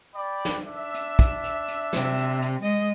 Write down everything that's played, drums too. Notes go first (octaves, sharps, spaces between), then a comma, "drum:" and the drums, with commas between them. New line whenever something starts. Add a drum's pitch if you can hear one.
D5 G5 B5
drum: snare
D4 E5
drum: hi-hat
drum: kick, hi-hat
drum: hi-hat
drum: hi-hat
C3, drum: snare
drum: hi-hat
drum: hi-hat
G#3 D#5